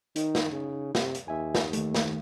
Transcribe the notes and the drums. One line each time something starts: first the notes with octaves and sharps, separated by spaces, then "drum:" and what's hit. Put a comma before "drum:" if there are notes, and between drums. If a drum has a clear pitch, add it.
D#3 D#4, drum: hi-hat
drum: snare
C#3
C3, drum: snare
drum: hi-hat
D#2 E5 G#5
drum: snare
D#3 A3, drum: hi-hat
drum: snare